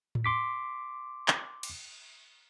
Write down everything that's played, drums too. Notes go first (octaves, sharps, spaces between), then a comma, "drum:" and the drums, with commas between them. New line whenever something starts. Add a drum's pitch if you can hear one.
drum: tom A2
C6 D6 B6
drum: clap
drum: cymbal